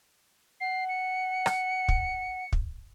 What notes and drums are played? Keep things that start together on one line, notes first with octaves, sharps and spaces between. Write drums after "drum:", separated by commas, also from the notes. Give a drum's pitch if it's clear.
F#5 C7
C#7
drum: rim click
drum: kick
drum: kick